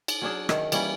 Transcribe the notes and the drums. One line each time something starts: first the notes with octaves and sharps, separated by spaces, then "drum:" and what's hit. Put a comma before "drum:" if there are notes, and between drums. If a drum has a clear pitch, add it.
drum: cymbal
F#3 C#4 D4 G#4
D#3 C#5 E5, drum: rim click
E3 G3 A#3 C#4, drum: cymbal